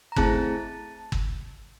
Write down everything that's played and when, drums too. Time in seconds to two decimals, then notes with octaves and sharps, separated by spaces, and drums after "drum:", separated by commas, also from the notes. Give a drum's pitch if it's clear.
0.12 A#5
0.17 A3 C4 E4 G#4 A5, drum: kick
1.12 drum: kick